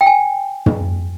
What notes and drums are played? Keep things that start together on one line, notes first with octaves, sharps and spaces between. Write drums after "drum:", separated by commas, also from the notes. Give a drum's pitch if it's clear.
G5
G#5
drum: tom